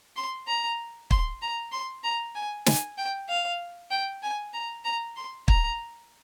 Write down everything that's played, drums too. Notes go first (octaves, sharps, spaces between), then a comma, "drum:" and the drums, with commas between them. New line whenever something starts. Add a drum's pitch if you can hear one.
C6
A#5
C6, drum: kick
A#5
C6
A#5
G#5
G#5, drum: snare
G5
F5
G5
G#5
A#5
A#5
C6
A#5, drum: kick